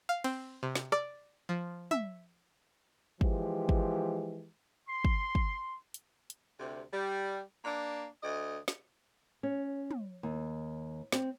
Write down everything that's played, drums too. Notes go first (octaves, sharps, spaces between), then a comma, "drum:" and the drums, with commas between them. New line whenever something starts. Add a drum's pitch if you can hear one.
F5
C4, drum: cymbal
C3
drum: snare
D5, drum: rim click
F3
E5, drum: tom
E3 F3 G#3 G4, drum: kick
drum: kick
C6 C7
drum: kick
drum: kick
drum: hi-hat
drum: hi-hat
D2 C3
G3
A#3 D4
D2 D#5
drum: snare
C#4
drum: tom
D#2
C4, drum: snare